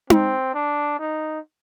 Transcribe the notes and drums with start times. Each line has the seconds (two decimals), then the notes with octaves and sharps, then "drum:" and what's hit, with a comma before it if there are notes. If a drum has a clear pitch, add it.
0.10 C4, drum: tom D#4
0.54 D4
0.99 D#4